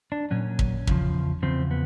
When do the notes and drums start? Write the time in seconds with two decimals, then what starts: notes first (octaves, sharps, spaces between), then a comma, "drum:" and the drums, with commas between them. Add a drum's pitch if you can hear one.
0.12 D4
0.31 A#2 F#3 C#4
0.59 drum: kick
0.87 E2 C#3 F3, drum: kick
1.43 E2 C#3 F3 C4
1.71 B3